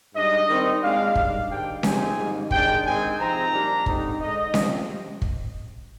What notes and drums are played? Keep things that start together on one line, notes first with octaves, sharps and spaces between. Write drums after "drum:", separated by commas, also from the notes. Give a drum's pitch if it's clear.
G#2 G3 D4 D#5
D#3 G3 C4 D#4
A#2 G#3 D4 F5
G#2 G3 D4, drum: kick
G#2 D#3 G3 D4 G5
C3 F3 G#3 C4 D#4 G#5, drum: snare C#4
G#2 D#3 G3 A#3
C3 D#3 G#3 D4 G5, drum: kick
G#2 D#3 G#3 C4 D#4 G#5
C3 F3 C4 D#4 A#5
A#2 G3 D4
D3 G#3 C4 D#4, drum: kick
D3 G#3 D#4 D#5
C3 F3 C4, drum: snare C#4
drum: kick